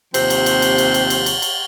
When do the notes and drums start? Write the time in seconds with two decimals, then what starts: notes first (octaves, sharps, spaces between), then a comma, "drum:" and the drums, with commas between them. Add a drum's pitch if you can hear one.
0.14 D#2 C3 F3 C4 C5, drum: cymbal
0.30 drum: cymbal
0.46 drum: cymbal
0.62 drum: cymbal
0.78 drum: cymbal
0.94 drum: cymbal
1.10 drum: cymbal
1.26 drum: cymbal
1.42 drum: cymbal